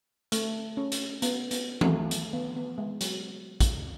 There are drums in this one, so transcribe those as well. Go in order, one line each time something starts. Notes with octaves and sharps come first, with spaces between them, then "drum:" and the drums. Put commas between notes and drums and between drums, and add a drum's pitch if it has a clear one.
A3, drum: hi-hat
C#4
drum: hi-hat
B3, drum: hi-hat
B3, drum: hi-hat
A3, drum: tom E3
drum: hi-hat
B3
B3
G#3
F#3, drum: hi-hat
drum: kick, hi-hat